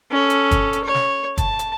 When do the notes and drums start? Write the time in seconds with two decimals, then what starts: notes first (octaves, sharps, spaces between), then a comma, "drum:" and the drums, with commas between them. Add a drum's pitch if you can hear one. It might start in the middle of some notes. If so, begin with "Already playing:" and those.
0.11 C#4 A4
0.30 drum: hi-hat
0.51 drum: kick, hi-hat
0.73 drum: hi-hat
0.84 C#5
0.94 drum: snare
1.38 A5, drum: kick, hi-hat
1.59 drum: hi-hat